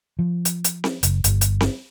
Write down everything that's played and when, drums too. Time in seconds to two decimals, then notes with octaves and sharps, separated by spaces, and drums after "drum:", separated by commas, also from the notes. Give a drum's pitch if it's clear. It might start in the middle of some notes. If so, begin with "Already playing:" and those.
0.19 F3
0.45 drum: hi-hat
0.64 drum: hi-hat
0.84 drum: snare C4
1.03 F#1, drum: hi-hat
1.24 G1, drum: hi-hat
1.41 drum: hi-hat
1.60 drum: snare C4